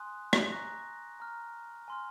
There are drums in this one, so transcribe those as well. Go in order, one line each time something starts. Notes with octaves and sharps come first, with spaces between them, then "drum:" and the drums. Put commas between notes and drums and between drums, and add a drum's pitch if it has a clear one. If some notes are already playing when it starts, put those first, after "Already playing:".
Already playing: G#5 C6 D#6 F#6
drum: rim click
A#5 C#6 F#6 A#6
A#5 F6
G#5 C6 F6